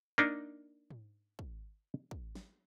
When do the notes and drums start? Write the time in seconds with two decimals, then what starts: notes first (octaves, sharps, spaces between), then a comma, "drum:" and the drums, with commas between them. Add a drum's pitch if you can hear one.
0.18 A#3 D4 D#4
0.90 drum: tom G#2
1.39 drum: kick
2.11 drum: kick
2.35 drum: snare